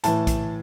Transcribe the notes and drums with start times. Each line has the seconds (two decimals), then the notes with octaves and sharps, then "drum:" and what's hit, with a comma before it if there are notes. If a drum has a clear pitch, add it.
0.04 A2 E3 A5, drum: hi-hat
0.27 drum: kick A#1, hi-hat